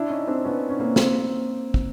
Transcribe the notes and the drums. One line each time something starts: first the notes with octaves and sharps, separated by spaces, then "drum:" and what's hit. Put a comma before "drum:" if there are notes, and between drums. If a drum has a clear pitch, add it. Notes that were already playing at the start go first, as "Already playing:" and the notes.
Already playing: D4 E4
C#4 D#4
C4 D4
B3 C#4
C#4
A#3 C4
A#3 C4, drum: snare
drum: kick